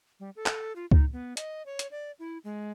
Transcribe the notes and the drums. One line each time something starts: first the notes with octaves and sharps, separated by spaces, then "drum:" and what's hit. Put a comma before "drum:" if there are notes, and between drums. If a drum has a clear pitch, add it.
G3
A4
drum: clap
F4
D#4, drum: kick C#2
B3
D#5, drum: hi-hat
C#5
drum: hi-hat
D5
E4
G#3